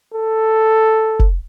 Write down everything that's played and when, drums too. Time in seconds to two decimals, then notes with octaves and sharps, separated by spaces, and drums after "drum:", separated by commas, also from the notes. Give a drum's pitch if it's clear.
0.14 A4
1.19 drum: kick F1